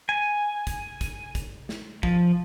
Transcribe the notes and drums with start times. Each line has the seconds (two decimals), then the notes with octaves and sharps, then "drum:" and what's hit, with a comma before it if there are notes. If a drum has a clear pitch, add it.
0.09 G#5
0.67 drum: kick, hi-hat
1.01 drum: kick, hi-hat
1.35 drum: kick, hi-hat
1.69 drum: snare
2.03 F3, drum: kick